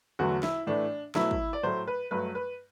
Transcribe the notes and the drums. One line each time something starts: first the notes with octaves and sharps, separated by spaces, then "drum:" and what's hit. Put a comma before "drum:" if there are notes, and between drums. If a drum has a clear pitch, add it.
E2 D3 F#3 A3 F#4
E4, drum: snare
A2 E3 A3 D4
B2 F#3 A3 E4, drum: snare
drum: kick
D5
A2 F#3 A3 C5
B4
G2 F#3 A3 B4
B4